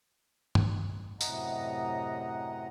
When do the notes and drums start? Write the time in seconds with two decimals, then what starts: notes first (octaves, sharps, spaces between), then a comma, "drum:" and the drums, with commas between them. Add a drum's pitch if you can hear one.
0.55 drum: tom G2
1.21 F#2 A2 C3 D#5 F#5 A#5, drum: tambourine